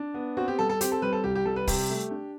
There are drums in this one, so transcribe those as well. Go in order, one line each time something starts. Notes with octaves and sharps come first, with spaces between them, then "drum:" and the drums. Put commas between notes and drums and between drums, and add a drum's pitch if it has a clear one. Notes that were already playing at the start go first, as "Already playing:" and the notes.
Already playing: D4
B3
C4 F#4
G4
G3 A4
A4
C4 G4, drum: hi-hat
A4
G3 B4
A4
C2 G4
G4
G3 A4
B4
C3 G4, drum: kick, open hi-hat
A3
D4